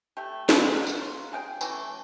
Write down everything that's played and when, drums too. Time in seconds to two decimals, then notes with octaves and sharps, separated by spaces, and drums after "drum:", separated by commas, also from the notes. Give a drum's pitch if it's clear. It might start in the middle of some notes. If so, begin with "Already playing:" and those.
0.17 A3 G4
0.49 E3 A4 B4 C5, drum: snare
0.73 A#4 F5 F#5
0.86 drum: tambourine
0.99 D4 F4 C#5
1.32 F#4 G#4 F#5 G5
1.61 E3 F#3 A3 C#4, drum: tambourine